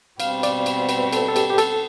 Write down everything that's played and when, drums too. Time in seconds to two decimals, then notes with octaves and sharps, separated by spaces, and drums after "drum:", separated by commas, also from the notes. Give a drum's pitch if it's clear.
0.20 B2 G3 C4 F5, drum: cymbal
0.43 D5, drum: cymbal
0.66 drum: cymbal
0.89 B4, drum: cymbal
1.13 A4, drum: cymbal
1.28 A4
1.36 G4, drum: cymbal
1.50 G4
1.58 A4, drum: cymbal